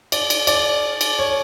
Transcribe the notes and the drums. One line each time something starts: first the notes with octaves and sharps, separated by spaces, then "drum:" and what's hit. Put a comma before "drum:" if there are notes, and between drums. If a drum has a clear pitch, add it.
D5, drum: cymbal
drum: cymbal
D5, drum: cymbal
drum: cymbal
C#5